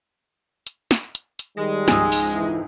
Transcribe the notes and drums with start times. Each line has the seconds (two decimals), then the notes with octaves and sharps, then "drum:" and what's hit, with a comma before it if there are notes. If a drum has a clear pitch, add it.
0.67 drum: hi-hat
0.91 drum: snare
1.15 drum: hi-hat
1.39 drum: hi-hat
1.57 D#3 G3 G#3
1.88 C#2 G#2 F3 G#5 D#6 E6, drum: snare
2.12 drum: open hi-hat
2.33 F2 E3 E4